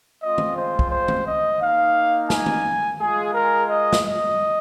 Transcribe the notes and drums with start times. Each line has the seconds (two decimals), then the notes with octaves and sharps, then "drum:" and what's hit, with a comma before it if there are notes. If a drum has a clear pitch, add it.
0.22 G#3 C4 F4 D#5
0.38 drum: tom D#3
0.57 C5
0.79 drum: kick
0.91 C5
1.08 drum: tom D#3
1.26 D#5
1.60 A#3 D#4 F5
2.30 G#5, drum: snare
2.46 drum: tom D#3
2.99 G#3 F4 G#4
3.33 A#4
3.69 D#5
3.93 drum: snare
4.03 D#5